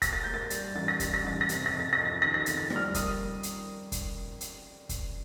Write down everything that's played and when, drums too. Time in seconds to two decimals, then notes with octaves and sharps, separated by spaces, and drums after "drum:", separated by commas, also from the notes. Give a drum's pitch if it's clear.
0.02 A#3 A#6, drum: kick, hi-hat
0.13 A6
0.23 A#3 G6
0.34 A6
0.50 G3, drum: hi-hat
0.75 A1 A6
0.88 A#6
1.00 G3 A6, drum: kick, hi-hat
1.14 A#6
1.24 A1 A6
1.41 A#6
1.49 C3 A6, drum: hi-hat
1.66 A#6
1.73 F2
1.80 A6
1.93 F2 A#6
2.05 A6
2.22 D#3 A#6
2.34 A#6
2.40 A6
2.46 F2, drum: hi-hat
2.57 A6
2.70 G3, drum: rim click
2.76 F6
2.94 A#3 D#6, drum: kick, hi-hat
3.43 drum: hi-hat
3.92 drum: kick, hi-hat
4.41 drum: hi-hat
4.89 drum: kick, hi-hat